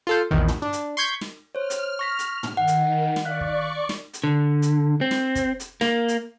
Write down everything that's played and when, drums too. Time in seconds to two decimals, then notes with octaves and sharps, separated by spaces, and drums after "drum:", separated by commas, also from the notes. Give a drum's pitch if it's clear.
0.07 F4 A4 C5
0.31 A#1 E2 D#3
0.48 drum: tom
0.62 D4
0.73 drum: hi-hat
0.97 C6 C#6 G6 G#6 B6
1.21 drum: snare
1.55 C5 C#5 F6
1.70 drum: hi-hat
1.99 C#6 A#6 B6
2.19 drum: hi-hat
2.43 drum: tom
2.57 D#3 F#5
2.67 drum: hi-hat
3.16 drum: snare
3.25 D5 F5 C#6 F#6
3.40 drum: kick
3.89 drum: snare
4.14 drum: hi-hat
4.24 D3
4.62 drum: hi-hat
5.01 C4
5.11 drum: snare
5.35 drum: kick, hi-hat
5.60 drum: hi-hat
5.81 A#3, drum: snare
6.08 drum: hi-hat